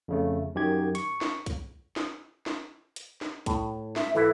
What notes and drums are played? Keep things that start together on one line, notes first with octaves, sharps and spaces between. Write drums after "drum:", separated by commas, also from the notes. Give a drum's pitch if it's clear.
F2 C#3 A3
F#2 D#3 G4 G#6
C#6, drum: hi-hat
drum: snare
drum: kick, hi-hat
drum: snare
drum: snare
drum: hi-hat
drum: snare
A2, drum: kick, hi-hat
E5, drum: snare
G#1 E3 E4 A4